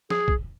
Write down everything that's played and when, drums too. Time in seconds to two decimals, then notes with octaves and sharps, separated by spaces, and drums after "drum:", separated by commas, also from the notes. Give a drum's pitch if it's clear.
0.10 G#4, drum: snare F3
0.28 drum: kick